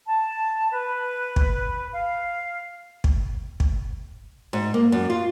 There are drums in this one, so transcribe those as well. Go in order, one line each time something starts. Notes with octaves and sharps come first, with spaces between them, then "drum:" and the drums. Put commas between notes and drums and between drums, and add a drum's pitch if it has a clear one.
A5
B4
drum: kick
F5
drum: kick
drum: kick
G#2
A#3
F#2
F4